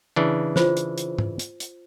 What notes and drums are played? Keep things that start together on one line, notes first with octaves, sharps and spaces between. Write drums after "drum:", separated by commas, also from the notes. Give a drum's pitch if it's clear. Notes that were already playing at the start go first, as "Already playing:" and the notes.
C#3 E3 D4
F4 C5, drum: snare
drum: hi-hat
drum: hi-hat
drum: tom
drum: hi-hat
drum: hi-hat